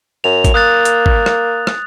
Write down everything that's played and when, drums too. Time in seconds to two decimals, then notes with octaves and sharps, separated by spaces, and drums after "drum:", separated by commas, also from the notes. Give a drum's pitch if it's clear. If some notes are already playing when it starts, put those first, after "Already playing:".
0.24 F#2 F7
0.44 drum: kick, hi-hat
0.54 A#3 D#6 F#6 A6
0.85 drum: hi-hat
1.06 drum: kick
1.26 drum: rim click
1.67 drum: rim click